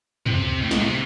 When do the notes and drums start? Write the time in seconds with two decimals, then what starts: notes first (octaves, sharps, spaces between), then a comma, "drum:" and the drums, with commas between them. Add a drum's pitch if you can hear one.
0.26 C3, drum: tom
0.62 A2
0.71 G#2, drum: snare
0.80 A2
0.88 C3